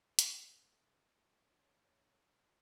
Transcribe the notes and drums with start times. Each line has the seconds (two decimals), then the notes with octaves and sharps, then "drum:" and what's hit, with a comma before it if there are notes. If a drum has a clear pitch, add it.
0.19 drum: hi-hat
1.41 G#2 B3 D4 C#5